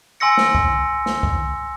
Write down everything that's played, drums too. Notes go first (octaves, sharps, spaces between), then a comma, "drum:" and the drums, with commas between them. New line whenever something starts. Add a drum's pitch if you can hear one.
G#5 C6 E6 A#6 C#7
drum: snare
drum: kick C2
drum: snare
drum: kick C2